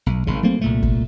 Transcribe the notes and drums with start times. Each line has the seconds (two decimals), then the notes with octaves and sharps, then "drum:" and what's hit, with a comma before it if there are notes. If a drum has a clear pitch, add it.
0.06 B1
0.27 G#1 C#3
0.43 F#3 A3 A#3 C4
0.61 C2 A#2 A3
0.83 drum: kick